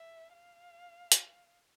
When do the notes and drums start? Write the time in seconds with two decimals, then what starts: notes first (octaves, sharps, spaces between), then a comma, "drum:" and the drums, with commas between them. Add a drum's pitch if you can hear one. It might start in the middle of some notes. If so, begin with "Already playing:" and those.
Already playing: E5
0.33 F5
1.12 drum: hi-hat